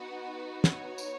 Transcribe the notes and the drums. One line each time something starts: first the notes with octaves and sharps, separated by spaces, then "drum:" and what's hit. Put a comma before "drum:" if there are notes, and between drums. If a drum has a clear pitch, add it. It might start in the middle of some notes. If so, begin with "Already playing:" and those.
Already playing: B3 D#4 F#4 F#5
C#5, drum: snare
drum: tambourine